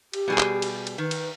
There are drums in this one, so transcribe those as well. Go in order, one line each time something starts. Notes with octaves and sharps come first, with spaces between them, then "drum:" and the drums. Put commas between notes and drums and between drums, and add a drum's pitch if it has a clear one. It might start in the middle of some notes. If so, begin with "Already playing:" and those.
G4, drum: cymbal
B2 G3 G#4
drum: clap
drum: cymbal
drum: cymbal
D#3 B4
drum: cymbal